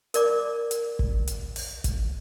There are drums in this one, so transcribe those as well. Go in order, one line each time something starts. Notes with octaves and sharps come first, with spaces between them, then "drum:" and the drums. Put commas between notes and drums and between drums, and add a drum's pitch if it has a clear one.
A#4 D5 D6, drum: hi-hat
drum: hi-hat
drum: kick
drum: hi-hat
drum: open hi-hat
drum: kick, hi-hat